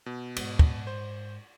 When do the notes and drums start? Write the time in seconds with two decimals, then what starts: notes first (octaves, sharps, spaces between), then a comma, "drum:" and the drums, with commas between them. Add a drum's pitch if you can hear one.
0.06 B2
0.36 G#2, drum: cymbal
0.59 drum: kick
0.87 C5